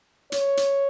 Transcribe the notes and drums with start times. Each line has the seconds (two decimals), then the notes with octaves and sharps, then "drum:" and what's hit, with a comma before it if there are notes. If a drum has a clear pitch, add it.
0.32 C#5, drum: hi-hat
0.57 drum: hi-hat